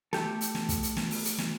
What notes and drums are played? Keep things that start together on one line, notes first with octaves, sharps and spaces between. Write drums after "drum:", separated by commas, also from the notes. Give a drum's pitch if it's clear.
A3 G4 A4, drum: snare
drum: hi-hat
drum: snare
drum: kick, hi-hat
drum: hi-hat
drum: snare
drum: open hi-hat
drum: hi-hat
drum: snare